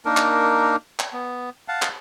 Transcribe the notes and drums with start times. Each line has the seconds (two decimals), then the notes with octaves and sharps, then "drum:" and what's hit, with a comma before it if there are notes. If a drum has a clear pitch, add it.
0.05 A#3 D4 D#4 A#4
0.17 drum: clap
0.99 drum: clap
1.13 B3
1.68 F5 F#5 A5
1.82 drum: clap